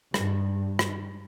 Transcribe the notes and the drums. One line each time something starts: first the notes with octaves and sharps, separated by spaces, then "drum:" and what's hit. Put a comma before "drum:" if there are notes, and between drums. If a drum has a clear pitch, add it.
G2, drum: rim click
drum: rim click